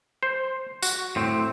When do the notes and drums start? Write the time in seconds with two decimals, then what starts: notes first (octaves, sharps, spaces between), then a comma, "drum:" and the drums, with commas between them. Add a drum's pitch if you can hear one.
0.23 C5
0.82 F#4, drum: tambourine
1.16 A2 C4